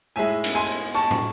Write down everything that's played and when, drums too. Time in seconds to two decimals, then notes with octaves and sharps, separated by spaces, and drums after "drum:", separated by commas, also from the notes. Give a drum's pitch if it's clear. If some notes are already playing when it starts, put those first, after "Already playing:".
0.16 A2 G#3 E5 G#5
0.44 drum: cymbal
0.55 G#5 C6
0.94 A5 C#6
1.11 drum: tom